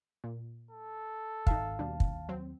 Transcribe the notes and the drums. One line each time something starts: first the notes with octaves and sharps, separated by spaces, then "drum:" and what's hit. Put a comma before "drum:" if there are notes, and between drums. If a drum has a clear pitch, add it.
A#2
A4
G#1 D#4 E5 F5 A5, drum: kick
D#2 B2 G3 D4
drum: kick
F#3 C4